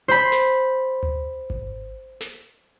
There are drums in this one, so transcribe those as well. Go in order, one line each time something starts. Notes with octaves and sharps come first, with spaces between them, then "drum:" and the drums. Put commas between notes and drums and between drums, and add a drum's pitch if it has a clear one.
C5 B5
drum: snare
drum: tom D2
drum: kick G#1
drum: snare